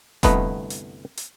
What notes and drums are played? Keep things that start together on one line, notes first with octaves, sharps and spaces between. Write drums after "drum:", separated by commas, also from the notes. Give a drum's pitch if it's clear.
G1 C2 A3 B3 B4 D#5, drum: kick E1, hi-hat
drum: hi-hat
drum: hi-hat